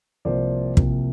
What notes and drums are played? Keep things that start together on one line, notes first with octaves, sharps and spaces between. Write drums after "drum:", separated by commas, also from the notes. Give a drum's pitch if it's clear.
C2 C3 F3 A#3 C5 D5
C2 C3 F3 A#3, drum: kick